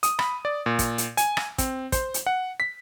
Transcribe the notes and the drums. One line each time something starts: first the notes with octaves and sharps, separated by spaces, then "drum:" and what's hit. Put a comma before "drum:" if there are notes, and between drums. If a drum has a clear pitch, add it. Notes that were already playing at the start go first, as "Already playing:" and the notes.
D#6, drum: hi-hat
B5, drum: rim click
D5
A#2
drum: kick, hi-hat
drum: hi-hat
G#5, drum: hi-hat
drum: rim click
C4, drum: kick, hi-hat
C5, drum: kick, hi-hat
drum: hi-hat
F#5
B6